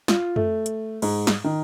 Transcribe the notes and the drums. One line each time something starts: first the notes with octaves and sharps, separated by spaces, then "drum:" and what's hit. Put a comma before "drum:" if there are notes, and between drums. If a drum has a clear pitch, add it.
F4, drum: snare
A3, drum: tom F2
drum: hi-hat
G#2, drum: cymbal
drum: snare
D#3